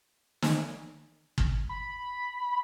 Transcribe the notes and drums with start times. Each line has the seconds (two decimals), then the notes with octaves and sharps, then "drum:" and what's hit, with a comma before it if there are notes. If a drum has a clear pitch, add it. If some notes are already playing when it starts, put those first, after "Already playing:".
0.42 drum: snare
1.38 drum: kick
1.69 B5